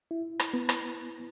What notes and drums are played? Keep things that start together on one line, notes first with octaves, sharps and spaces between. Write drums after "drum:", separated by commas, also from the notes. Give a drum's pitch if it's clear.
E4
drum: rim click
B3
drum: rim click